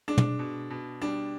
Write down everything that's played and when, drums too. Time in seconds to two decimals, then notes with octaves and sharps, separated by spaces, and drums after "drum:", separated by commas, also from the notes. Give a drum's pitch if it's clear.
0.08 G#3 D4
0.18 drum: tom
0.39 B2
0.70 B2
1.02 G3 D4